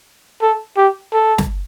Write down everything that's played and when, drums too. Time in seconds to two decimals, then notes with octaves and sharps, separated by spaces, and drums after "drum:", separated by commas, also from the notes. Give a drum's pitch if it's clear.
0.42 A4
0.77 G4
1.13 A4
1.38 drum: snare